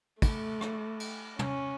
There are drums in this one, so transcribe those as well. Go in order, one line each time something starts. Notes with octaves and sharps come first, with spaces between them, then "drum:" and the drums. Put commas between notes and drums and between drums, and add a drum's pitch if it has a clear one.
A3, drum: kick, cymbal
drum: rim click
drum: cymbal
C#4, drum: tom